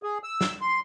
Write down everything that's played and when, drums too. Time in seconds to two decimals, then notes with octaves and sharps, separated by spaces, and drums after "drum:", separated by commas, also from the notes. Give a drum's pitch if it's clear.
0.03 G#4
0.24 E6
0.41 drum: snare
0.61 C6